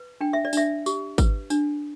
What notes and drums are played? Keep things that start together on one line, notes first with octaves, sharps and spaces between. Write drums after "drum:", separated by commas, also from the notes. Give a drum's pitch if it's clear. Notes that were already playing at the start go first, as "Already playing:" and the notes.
Already playing: B4
D4 G5
E5
D5
D4 E5, drum: tambourine
G4, drum: tambourine
B4, drum: kick, tambourine
D4, drum: tambourine